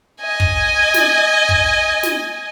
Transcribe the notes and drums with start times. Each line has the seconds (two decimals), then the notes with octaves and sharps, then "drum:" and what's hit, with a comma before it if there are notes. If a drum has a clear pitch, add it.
0.22 D#5 G#5
0.40 drum: kick
0.94 drum: snare
1.49 drum: kick
2.03 drum: snare